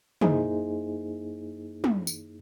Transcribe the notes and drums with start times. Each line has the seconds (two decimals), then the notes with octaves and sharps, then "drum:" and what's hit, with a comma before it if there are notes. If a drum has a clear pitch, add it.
0.21 F#2 A#3 D#4 E4 G#4 C5, drum: tom
1.84 drum: tom
2.07 drum: tambourine